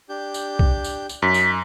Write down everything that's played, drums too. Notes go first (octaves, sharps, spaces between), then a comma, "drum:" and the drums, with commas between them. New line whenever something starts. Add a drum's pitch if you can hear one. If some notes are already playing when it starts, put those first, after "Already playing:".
D4 G4 G6
drum: tambourine
drum: kick
drum: tambourine
drum: tambourine
F#2 D#4 B6
drum: tambourine